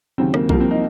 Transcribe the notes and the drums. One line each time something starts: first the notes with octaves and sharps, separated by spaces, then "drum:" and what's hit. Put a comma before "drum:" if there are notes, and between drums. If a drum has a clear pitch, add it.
D#2 C#3 F#3 C4
A#3, drum: rim click
C2 C3 F3 A#3, drum: kick B1
C4
D#4